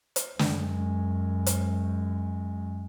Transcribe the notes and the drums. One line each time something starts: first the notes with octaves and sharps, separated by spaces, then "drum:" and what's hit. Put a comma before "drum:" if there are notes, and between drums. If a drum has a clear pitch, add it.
drum: hi-hat
F#2 G#3, drum: snare
drum: hi-hat